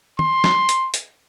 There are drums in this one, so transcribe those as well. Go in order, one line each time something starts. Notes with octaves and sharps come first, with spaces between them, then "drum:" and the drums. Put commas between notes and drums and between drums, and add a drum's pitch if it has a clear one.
C6, drum: tom
drum: snare
drum: hi-hat
drum: hi-hat